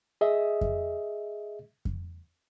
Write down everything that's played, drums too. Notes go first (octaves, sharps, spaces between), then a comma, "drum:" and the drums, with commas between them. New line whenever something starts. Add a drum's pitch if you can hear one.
G#4 D#5 E5
drum: kick F2
drum: kick F2